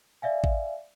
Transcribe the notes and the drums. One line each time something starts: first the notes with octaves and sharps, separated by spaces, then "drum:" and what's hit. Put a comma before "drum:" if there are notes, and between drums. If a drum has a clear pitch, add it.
D5 E5 F5 G#5
drum: kick A1